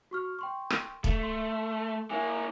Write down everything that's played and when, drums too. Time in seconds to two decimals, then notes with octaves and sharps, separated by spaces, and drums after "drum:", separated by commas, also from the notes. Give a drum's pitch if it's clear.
0.11 F#4 C#6 F6
0.39 G5 C6 C#6
0.70 drum: rim click
1.04 A3, drum: kick
1.23 C6
2.10 A#3 E4 G#5